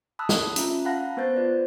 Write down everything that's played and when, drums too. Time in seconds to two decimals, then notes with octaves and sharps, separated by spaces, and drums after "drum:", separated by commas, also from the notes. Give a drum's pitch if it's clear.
0.19 A5 B5 D#6 E6 F#6
0.29 drum: snare
0.56 C#4 F4 E5 A#5, drum: hi-hat
0.85 F5 F#5 A5 B5 F#6 A#6
1.17 B3 B4 C5 F#6 G6 A6
1.36 F4 C5 D5